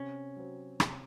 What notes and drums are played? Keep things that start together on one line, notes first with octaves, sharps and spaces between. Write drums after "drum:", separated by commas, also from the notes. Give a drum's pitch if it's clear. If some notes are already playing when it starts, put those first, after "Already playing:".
Already playing: C3 C#4
F#3 C4
C3, drum: rim click